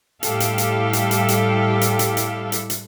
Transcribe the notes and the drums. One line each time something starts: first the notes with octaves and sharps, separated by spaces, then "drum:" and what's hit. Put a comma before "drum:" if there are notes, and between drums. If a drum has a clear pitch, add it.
A2 G3 E4 G4 A4 F5, drum: hi-hat
drum: hi-hat
drum: hi-hat
drum: hi-hat
drum: hi-hat
drum: hi-hat
drum: hi-hat
drum: hi-hat
drum: hi-hat
drum: hi-hat
drum: hi-hat